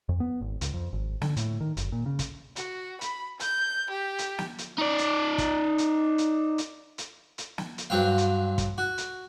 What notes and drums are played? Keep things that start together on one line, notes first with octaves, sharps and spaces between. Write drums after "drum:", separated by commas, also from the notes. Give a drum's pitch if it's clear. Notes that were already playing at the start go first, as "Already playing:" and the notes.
F2
B3
G#1
C#2, drum: hi-hat
F2
G#1
D3, drum: snare
A2, drum: hi-hat
D#3
F#1, drum: hi-hat
A#2
C#3
drum: kick, hi-hat
F#4, drum: hi-hat
B5, drum: hi-hat
G6, drum: hi-hat
G4
drum: hi-hat
drum: snare
drum: hi-hat
D#4 D5
drum: hi-hat
drum: kick, hi-hat
drum: hi-hat
drum: hi-hat
drum: hi-hat
drum: hi-hat
drum: hi-hat
drum: snare
drum: hi-hat
G2 F#3 C4 F5
drum: hi-hat
drum: kick, hi-hat
F#4
drum: hi-hat